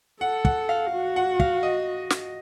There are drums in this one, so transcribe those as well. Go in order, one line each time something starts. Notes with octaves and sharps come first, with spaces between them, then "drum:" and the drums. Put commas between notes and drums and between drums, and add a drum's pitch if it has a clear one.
A4 F#5
F#5, drum: kick
F5
F#4
F#5
F5, drum: kick
D#5
drum: snare